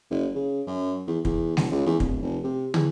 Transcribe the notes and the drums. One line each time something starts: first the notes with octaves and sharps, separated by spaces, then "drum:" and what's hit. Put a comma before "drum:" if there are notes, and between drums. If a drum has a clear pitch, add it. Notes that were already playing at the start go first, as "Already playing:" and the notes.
F#1
C#3
F#2
E2
E2, drum: kick
E1, drum: snare
C#2
E2
D1, drum: kick
F1
C3
E2, drum: tom